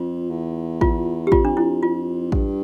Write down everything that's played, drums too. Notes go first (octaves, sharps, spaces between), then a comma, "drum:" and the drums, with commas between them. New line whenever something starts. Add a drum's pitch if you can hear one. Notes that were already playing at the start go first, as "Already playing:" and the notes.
Already playing: F2 F4
E2
F4, drum: kick A1
G4
F2 F4, drum: kick A1
D4
E4
F4
G2, drum: kick A1